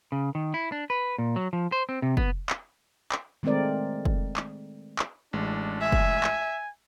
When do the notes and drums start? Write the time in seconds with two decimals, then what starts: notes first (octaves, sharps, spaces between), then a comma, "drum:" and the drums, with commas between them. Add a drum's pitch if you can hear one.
0.12 C#3
0.35 D#3
0.54 E4
0.72 D4
0.90 B4
1.18 A#2
1.36 F#3
1.53 F3
1.72 C5
1.89 C4
2.02 C3
2.17 B3, drum: kick
2.50 drum: clap
3.12 drum: clap
3.43 D#3 G#3 A3 C4 A#4 D5
4.05 drum: kick
4.37 drum: clap
4.99 drum: clap
5.33 A1 G#3 D4
5.81 E5 G#5
5.92 drum: kick
6.24 drum: clap